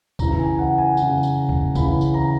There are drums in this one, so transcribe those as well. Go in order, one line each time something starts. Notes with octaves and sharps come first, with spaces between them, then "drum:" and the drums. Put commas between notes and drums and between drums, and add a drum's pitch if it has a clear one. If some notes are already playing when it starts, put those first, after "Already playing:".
C#3 E3 A#5, drum: kick B1, tambourine
G#5
F#5
G#5
C#3 E3, drum: tambourine
drum: tambourine
drum: kick B1
C#3 E3 B5, drum: kick B1, tambourine
drum: tambourine
A#5